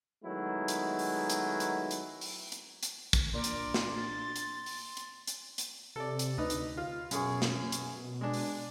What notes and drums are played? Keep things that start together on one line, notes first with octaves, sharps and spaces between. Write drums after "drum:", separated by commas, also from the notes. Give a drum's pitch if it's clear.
D#3 F#3 G#3 A3 B3 E4
drum: hi-hat
drum: open hi-hat
drum: hi-hat
drum: hi-hat
drum: hi-hat
drum: open hi-hat
drum: hi-hat
drum: hi-hat
drum: kick, hi-hat
A#2 D4 A#4 D5 C6
drum: hi-hat
drum: snare
A6
drum: hi-hat
drum: open hi-hat
drum: hi-hat
drum: hi-hat
drum: hi-hat
C3 A4 D5
drum: hi-hat
D2 D#4 B4 D#5
drum: hi-hat
F4
F#2 B2 G#4 C#6, drum: hi-hat
drum: snare
drum: hi-hat
G#3 D4
drum: open hi-hat